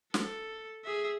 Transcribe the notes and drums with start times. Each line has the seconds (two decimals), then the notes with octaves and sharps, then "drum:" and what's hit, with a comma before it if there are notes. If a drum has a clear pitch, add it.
0.14 A4, drum: snare
0.84 G#4 E5